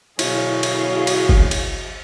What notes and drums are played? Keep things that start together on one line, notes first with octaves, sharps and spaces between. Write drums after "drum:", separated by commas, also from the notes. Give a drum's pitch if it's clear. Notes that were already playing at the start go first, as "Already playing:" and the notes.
B2 D3 F#3 E4 F#4 G#4 F5, drum: cymbal
drum: cymbal
drum: cymbal
drum: kick
drum: cymbal